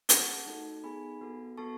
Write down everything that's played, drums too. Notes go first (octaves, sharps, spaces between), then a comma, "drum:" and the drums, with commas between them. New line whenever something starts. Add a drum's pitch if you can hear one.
C#4 G#4 F#5 A5, drum: hi-hat
A3 D#4 F#4 A4
B3 D#4 G#4 G#5 B5
B3 F#4 A4
B3 F#4 A4 A5 C#6